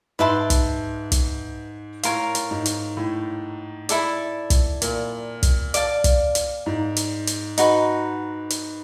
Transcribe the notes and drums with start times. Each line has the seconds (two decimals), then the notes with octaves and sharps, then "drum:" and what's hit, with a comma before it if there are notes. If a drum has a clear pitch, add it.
0.19 G#2 B4 E5 A5 C6
0.50 drum: kick, hi-hat
1.12 drum: kick, hi-hat
2.03 A2 F4 A#4 C#5, drum: hi-hat
2.35 drum: hi-hat
2.51 G#2
2.66 drum: hi-hat
2.97 A2
3.89 E4 A4 D5, drum: hi-hat
4.50 drum: kick, hi-hat
4.82 A#2, drum: hi-hat
5.43 drum: kick, hi-hat
5.74 D5 F5 A5, drum: hi-hat
6.04 drum: kick, hi-hat
6.35 drum: hi-hat
6.66 G#2
6.96 drum: hi-hat
7.27 drum: hi-hat
7.58 D#4 F#4 B4, drum: hi-hat
8.50 drum: hi-hat